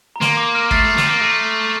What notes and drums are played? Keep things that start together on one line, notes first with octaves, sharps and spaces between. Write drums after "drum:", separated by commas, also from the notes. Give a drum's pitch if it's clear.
A#5
A#3 C6, drum: snare
D6
F6
A3 A6 C7, drum: kick
A3
A3, drum: snare
C4
A#3
A3 A#6 D7